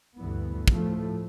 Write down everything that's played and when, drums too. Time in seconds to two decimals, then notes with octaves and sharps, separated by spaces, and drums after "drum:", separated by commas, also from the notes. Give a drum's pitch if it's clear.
0.17 D2 G2 E3 B3
0.68 A2 F3 A3, drum: kick